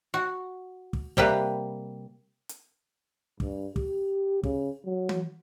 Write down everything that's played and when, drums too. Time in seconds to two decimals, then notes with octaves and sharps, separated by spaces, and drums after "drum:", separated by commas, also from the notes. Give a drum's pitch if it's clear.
0.14 F#4
0.93 drum: kick
1.17 C3 G3 A#3 B4, drum: kick
2.49 drum: hi-hat
3.40 G2, drum: kick
3.76 G4, drum: kick
4.43 C#3, drum: kick
4.85 F#3
5.09 drum: tom E3